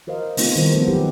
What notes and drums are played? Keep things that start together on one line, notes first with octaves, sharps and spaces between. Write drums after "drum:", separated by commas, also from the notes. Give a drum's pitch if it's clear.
F#4 A#4 C5 D#5 F5
A3 B3 C4 D#4 F4 G#4, drum: open hi-hat
D#3 G3 B3 E4 A#4 C5
F3 A3 B3 A4 A#4 C5
F#3 D#4 G4 B4